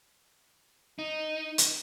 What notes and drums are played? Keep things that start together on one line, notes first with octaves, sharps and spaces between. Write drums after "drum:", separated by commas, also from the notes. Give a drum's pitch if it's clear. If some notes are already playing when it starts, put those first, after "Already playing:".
D#4
drum: hi-hat